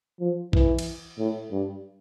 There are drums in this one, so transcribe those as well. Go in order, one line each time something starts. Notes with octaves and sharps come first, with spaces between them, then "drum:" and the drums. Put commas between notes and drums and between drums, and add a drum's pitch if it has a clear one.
F3
E3, drum: kick B1
drum: cymbal
A2
G2